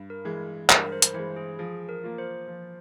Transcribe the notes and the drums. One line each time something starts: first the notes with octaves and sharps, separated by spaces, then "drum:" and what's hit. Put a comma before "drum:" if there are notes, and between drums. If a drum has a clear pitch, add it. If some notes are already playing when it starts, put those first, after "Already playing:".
Already playing: G2
A#4
E3 G#3
G2 A#4, drum: clap
A#4
C5
drum: hi-hat
E3 G#3 C5
G#4
F3 G#4
A#4
A#3 F4
C5
F3